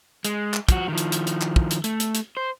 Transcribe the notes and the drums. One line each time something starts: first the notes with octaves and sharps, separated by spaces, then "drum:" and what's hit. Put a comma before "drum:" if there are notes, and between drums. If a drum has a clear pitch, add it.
G#3, drum: hi-hat
drum: clap
F3 F#4, drum: kick, hi-hat
D#3 F3
drum: hi-hat
drum: hi-hat
drum: hi-hat
drum: clap
drum: kick
drum: hi-hat
A3, drum: hi-hat
drum: hi-hat
drum: hi-hat
C5